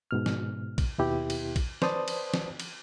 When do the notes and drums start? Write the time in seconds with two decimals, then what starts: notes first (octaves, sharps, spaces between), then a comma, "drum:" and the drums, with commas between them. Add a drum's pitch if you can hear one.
0.11 G#2 B2 F6
0.26 drum: snare
0.78 drum: kick A#1, cymbal
0.98 D#2 B2 B3 E4 G4
1.30 drum: cymbal
1.56 drum: kick A#1, cymbal
1.82 B4 C5 D5 A5 D#6, drum: snare
2.08 drum: cymbal
2.34 drum: snare
2.60 drum: cymbal